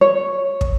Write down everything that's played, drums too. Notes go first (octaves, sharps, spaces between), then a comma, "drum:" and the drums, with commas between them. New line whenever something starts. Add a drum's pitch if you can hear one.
C#5
drum: kick